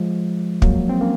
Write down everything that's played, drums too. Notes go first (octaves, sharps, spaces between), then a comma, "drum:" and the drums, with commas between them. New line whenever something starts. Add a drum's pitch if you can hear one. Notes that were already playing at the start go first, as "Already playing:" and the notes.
Already playing: F3 G#3
F#3 A#3, drum: kick
C4
A#3 C#4